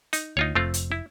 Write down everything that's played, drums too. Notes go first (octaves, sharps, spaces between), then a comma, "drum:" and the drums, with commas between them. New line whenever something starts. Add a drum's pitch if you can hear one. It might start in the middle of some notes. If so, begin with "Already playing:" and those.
D#4, drum: hi-hat
D2 D#4 F4 C#5
F1 A3 C4 F4
drum: hi-hat
E4